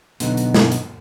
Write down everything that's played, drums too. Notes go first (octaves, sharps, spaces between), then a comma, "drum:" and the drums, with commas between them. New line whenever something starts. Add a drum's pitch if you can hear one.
B2 D3 F#3 B3 D#4, drum: hi-hat
drum: hi-hat
drum: snare
drum: hi-hat